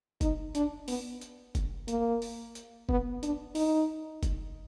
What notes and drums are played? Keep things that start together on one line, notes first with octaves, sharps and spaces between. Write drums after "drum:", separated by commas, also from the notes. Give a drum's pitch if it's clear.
D#4, drum: kick, hi-hat
D4, drum: hi-hat
B3, drum: open hi-hat
drum: hi-hat
drum: kick, hi-hat
A#3, drum: hi-hat
drum: open hi-hat
drum: hi-hat
B3, drum: kick
D4, drum: hi-hat
D#4, drum: open hi-hat
drum: kick, hi-hat